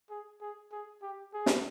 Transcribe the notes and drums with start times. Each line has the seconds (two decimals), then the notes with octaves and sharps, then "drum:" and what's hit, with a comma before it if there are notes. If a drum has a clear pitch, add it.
0.10 G#4
0.41 G#4
0.72 G#4
1.02 G4
1.34 G#4
1.46 drum: snare